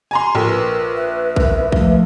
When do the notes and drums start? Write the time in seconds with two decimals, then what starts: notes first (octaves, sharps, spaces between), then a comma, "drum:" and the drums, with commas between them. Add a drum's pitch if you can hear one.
0.11 G#5 A#5 C6
0.35 A#1 A4 A#4
0.48 B4
0.96 E5
1.36 A#4, drum: kick
1.72 F3 G#3 A3, drum: kick